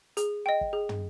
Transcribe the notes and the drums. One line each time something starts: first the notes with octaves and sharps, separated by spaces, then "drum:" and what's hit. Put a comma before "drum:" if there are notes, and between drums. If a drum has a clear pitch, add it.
G#4, drum: hi-hat
D#5 G5
drum: kick
G#4
drum: tom